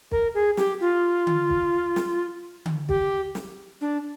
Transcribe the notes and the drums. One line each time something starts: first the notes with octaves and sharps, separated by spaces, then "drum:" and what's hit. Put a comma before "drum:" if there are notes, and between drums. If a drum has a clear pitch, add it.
A#4, drum: kick
G#4
G4, drum: snare
F4
drum: tom D3
drum: kick
drum: snare
drum: tom D3
G4, drum: kick
drum: snare
D4